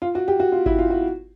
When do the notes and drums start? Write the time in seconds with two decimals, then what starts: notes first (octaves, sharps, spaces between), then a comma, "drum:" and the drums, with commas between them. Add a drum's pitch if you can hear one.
0.02 F4
0.15 F#4
0.28 G4
0.40 F#4
0.52 F4
0.66 E4, drum: kick G#1
0.79 F4
0.90 F#4